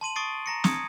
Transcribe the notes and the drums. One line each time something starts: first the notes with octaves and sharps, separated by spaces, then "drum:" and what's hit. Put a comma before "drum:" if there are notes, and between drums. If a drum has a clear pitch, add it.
A5 C6 D#7 F#7
C#6 D#6 A6 C7 D7
A#5 A#6 C#7
D#6 G#6 C#7, drum: snare